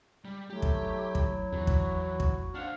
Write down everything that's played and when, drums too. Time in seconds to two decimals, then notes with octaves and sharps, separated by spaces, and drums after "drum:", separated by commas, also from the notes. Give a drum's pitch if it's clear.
0.25 G3
0.50 F#3 A3 E4 G4
0.62 drum: kick
1.15 drum: kick
1.52 E2 E3 F#4
1.67 drum: kick
2.20 drum: kick
2.55 D4 C5 F5 F#5 F6